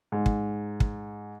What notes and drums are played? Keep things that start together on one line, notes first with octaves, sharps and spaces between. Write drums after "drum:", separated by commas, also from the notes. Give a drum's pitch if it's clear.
G#2
drum: kick
drum: kick